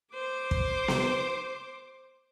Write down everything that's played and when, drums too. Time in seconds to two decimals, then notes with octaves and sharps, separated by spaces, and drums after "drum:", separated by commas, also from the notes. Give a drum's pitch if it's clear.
0.14 C5 D6
0.51 drum: kick
0.88 drum: snare B3